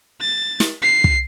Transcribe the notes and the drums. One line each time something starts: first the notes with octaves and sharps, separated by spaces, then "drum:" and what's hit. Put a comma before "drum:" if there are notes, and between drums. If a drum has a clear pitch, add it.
A6
drum: snare
C7
drum: kick